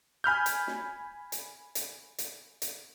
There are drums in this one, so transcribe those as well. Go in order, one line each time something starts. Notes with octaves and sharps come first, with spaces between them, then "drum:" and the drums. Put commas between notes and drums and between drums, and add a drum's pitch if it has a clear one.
G#5 B5 F6 G6
drum: hi-hat
drum: snare
drum: hi-hat
drum: hi-hat
drum: hi-hat
drum: hi-hat